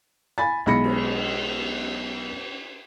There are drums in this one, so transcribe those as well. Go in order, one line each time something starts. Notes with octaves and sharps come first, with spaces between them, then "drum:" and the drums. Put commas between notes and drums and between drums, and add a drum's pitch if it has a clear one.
G#5 B5 A6
B1 G#3 B5 A#6 C#7
drum: cymbal